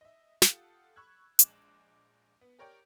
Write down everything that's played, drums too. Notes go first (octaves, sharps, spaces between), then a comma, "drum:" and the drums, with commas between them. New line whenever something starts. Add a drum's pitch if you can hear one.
D#5 E5
F4 G4 A4 F#5 D#6, drum: snare
B5 C#6 E6 F#6 G#6
A#1 G#3 D6 E7 F#7, drum: hi-hat
B3
G4 A#4 C#5 D5 G5